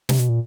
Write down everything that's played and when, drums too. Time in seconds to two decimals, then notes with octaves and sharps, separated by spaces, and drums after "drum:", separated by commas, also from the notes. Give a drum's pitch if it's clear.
0.09 C3, drum: snare
0.19 B2
0.29 A#2